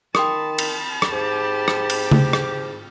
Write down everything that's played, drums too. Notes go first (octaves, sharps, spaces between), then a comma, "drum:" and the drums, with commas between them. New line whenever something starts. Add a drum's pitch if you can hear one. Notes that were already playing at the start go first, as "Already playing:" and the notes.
D#3 G5 A5 B5 C6 D#6, drum: rim click
drum: cymbal
drum: rim click
G#2 G4
drum: rim click
drum: cymbal
drum: tom C#3
drum: rim click